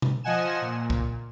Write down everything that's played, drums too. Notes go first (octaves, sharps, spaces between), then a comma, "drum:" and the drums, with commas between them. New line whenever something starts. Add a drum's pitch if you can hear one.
drum: tom B2
F3 D#5 F#5 G#5 E7
A#2
drum: kick